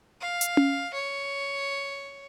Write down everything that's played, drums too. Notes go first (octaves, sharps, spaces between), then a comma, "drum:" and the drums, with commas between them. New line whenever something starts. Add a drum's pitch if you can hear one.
F5
drum: hi-hat
drum: tom C#4
C#5